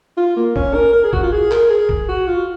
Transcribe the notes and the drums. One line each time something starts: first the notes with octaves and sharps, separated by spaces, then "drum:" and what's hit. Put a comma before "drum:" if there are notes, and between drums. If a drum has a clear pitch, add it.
F4
A#3
C#4, drum: kick A#1
A#4
A#4
G#4
F#4, drum: kick A#1
F4
G#4
A#4, drum: clap
G#4
drum: kick A#1
F#4
F4